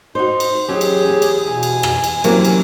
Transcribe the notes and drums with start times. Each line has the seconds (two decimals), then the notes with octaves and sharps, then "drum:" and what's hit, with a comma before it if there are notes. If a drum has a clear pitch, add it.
0.15 D#4 F#4 C5
0.40 drum: cymbal
0.68 E2 F#3 C#4 G4 G#4
0.81 drum: cymbal
1.09 E2
1.22 drum: cymbal
1.48 B2 G#5
1.63 drum: cymbal
1.83 drum: rim click
2.04 drum: cymbal
2.24 C3 E3 F#3 A#3 C4 C#4, drum: cymbal
2.45 drum: cymbal